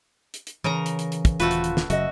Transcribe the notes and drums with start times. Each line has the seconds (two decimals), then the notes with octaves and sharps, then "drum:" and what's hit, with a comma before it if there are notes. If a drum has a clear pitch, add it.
0.34 drum: hi-hat
0.47 drum: hi-hat
0.64 C#3 E3 A#4 A#5
0.86 drum: hi-hat
0.99 drum: hi-hat
1.12 drum: hi-hat
1.25 drum: kick, hi-hat
1.40 D#1 A3 F4 F#4 B4 C5, drum: hi-hat
1.51 drum: hi-hat
1.64 drum: hi-hat
1.77 drum: snare
1.90 F#1 C#3 F#3 F#4 D#5 E5, drum: hi-hat